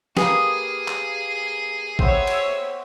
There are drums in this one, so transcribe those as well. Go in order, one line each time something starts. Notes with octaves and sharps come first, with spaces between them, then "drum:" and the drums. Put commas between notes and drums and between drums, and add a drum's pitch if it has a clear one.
A#3 G4 G#4 B4 G#5 D#6, drum: snare
drum: clap
B3 C5 C#5 E5 G5, drum: kick G#1
drum: cymbal